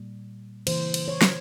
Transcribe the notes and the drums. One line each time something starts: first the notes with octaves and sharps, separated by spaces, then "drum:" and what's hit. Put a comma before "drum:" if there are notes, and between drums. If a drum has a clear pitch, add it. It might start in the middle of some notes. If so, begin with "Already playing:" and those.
Already playing: A#2 G3 A#3
C#3 E3 A#3 C5, drum: cymbal
drum: cymbal
C#5
drum: snare